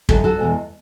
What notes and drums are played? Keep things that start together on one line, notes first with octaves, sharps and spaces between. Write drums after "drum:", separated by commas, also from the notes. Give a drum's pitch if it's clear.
F#2 C#3 E3 F#4 A4, drum: kick
F#4 A4
E2 B2 G#3